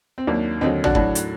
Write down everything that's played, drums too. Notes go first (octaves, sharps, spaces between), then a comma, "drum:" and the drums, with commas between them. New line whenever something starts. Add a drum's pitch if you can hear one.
C4
D#2 D#3 F#3 A#3 D4
D#2 D3 F#3 C4 D#4
D4 F#4, drum: tom
A2 F#3 D4 F#4, drum: kick F#1
drum: hi-hat